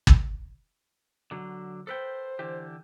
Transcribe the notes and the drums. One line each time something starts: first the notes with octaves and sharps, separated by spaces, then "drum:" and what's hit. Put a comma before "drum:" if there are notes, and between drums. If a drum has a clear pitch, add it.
drum: kick G1
D3 F#3
A4 B4 C5 G5
D3 E3 G4